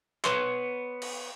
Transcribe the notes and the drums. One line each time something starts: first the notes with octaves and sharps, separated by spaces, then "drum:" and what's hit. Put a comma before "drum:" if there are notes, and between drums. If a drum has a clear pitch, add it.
B3 B4 C#5 C6, drum: clap
drum: cymbal